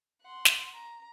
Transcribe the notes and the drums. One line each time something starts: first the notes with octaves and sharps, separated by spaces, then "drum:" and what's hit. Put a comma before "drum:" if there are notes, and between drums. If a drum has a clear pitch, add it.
F#5 C6
drum: snare
A#5